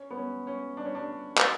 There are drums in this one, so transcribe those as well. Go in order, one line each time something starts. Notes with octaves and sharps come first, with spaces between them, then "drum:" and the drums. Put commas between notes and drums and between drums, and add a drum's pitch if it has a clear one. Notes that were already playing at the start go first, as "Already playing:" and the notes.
Already playing: C#4
B3
C#4
C#4
D4
C#4
D4
drum: clap